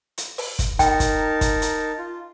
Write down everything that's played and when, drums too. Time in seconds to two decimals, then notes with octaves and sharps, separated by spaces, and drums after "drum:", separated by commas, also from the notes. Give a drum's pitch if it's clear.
0.18 drum: hi-hat
0.38 drum: open hi-hat
0.59 drum: kick, hi-hat
0.79 D#4 A#4 G5 A5, drum: kick, hi-hat
1.00 drum: kick, hi-hat
1.41 drum: kick, hi-hat
1.62 drum: hi-hat
1.98 F4